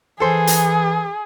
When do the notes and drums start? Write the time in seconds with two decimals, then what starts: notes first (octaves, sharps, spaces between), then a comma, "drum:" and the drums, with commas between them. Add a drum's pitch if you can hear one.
0.20 E3 G#4 A4 C5
0.47 drum: hi-hat